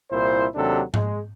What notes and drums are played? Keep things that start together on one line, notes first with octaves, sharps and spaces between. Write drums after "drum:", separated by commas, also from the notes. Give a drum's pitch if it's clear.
C2 A#2 E4 C5
D#2 C3 F#3 D4 A4
G#3, drum: tom G#2